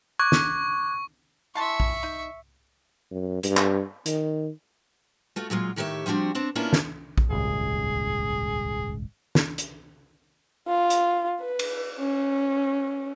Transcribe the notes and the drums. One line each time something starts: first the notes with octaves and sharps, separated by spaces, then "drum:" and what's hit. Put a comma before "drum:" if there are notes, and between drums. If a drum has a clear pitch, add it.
C#6 D6 F#6 G#6
drum: snare
E3 E5 A5 C6 C#6
drum: kick A#1
D#4
F#2
G2, drum: hi-hat
drum: clap
D#3, drum: hi-hat
A3 F4 F#4
A#2 F#3 G#3 F4
A2 D#3 G4 C#5 E5
F3 G3 C4 D4 F#4
B3 C4 D4 C#5
A#3 B3 C#4 D4 E4 F4
drum: snare
drum: kick A#1
D#1 G#1 C#2 G#4
drum: snare
drum: hi-hat
F4
drum: hi-hat
B4
drum: cymbal
C#4